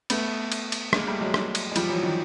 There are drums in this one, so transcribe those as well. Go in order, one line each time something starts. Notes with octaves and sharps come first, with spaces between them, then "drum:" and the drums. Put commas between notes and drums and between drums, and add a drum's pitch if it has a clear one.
A3 B3, drum: cymbal
drum: cymbal
drum: cymbal
G#3 A#3, drum: rim click
G3 A3
F#3 G#3
drum: rim click
drum: cymbal
G#3
F3 G3, drum: cymbal
E3 F#3
D#3 F3